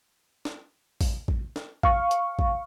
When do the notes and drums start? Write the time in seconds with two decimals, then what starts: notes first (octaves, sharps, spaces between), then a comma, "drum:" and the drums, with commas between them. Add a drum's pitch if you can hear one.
0.45 drum: snare
1.01 drum: kick A1, open hi-hat
1.28 drum: kick A1
1.56 drum: snare
1.83 F5 C#6, drum: kick A1
2.11 drum: hi-hat
2.39 drum: kick A1